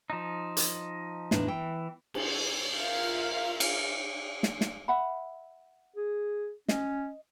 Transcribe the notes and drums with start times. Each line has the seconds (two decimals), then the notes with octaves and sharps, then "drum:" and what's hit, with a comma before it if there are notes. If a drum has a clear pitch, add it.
0.10 F3 D#4
0.57 drum: hi-hat
1.31 E2 A2 D4, drum: snare
1.48 E3 G5
2.14 drum: cymbal
2.75 F4 A#4 E5 F5
3.60 drum: cymbal
4.43 drum: snare
4.61 drum: snare
4.88 E5 F#5 B5
5.96 G#4
6.68 C#4 D#5, drum: snare